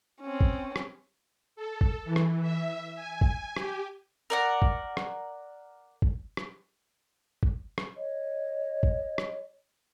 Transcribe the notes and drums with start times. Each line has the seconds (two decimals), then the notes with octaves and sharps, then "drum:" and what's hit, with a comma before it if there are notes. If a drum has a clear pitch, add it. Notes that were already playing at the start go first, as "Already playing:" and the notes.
0.21 C4 C#4
0.41 drum: kick
0.76 drum: rim click
1.56 A4
1.81 drum: kick
2.05 E3
2.16 drum: rim click
2.42 E5
2.96 G#5
3.21 drum: kick
3.57 G4, drum: rim click
4.30 A#4 D5 F#5
4.62 drum: kick
4.97 drum: rim click
6.02 drum: kick
6.37 drum: rim click
7.43 drum: kick
7.78 drum: rim click
7.96 C#5 D#5
8.83 drum: kick
9.18 drum: rim click